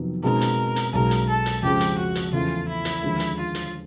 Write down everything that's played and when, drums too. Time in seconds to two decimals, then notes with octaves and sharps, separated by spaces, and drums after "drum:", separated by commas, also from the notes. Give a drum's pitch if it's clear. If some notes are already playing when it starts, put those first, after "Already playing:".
Already playing: F2 C3 D#3 F#3 B3
0.23 B2 G#3 C4 D#4 A#4
0.41 drum: hi-hat
0.76 drum: hi-hat
0.93 B1 B2 G#3 A#4
1.11 drum: hi-hat
1.29 A4
1.46 drum: hi-hat
1.63 F2 C#3 F3 G#3 G4
1.81 drum: hi-hat
1.98 F#4
2.15 drum: hi-hat
2.33 E2 C#3 F3 A3 F4
2.68 E4
2.85 drum: hi-hat
3.03 D#2 D3 F3 G#3
3.20 drum: hi-hat
3.37 F4
3.55 drum: hi-hat